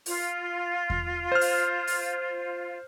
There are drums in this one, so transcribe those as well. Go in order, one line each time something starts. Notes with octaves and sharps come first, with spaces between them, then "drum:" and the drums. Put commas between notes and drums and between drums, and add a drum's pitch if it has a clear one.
F4, drum: open hi-hat
drum: kick E2
C5 F6
drum: open hi-hat
drum: open hi-hat